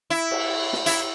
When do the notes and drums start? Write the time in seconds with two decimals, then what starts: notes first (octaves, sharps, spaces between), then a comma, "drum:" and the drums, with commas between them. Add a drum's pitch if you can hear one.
0.10 E4
0.31 drum: cymbal
0.73 drum: snare
0.86 E4, drum: hi-hat